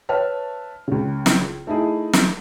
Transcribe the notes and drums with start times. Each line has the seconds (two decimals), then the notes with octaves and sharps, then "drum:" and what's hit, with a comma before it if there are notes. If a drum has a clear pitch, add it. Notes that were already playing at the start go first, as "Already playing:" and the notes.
0.09 B4 C#5 E5 A5 F6
0.88 C#2 C#3
1.26 drum: snare
1.67 A3 D#4 E4 G#4
2.13 drum: snare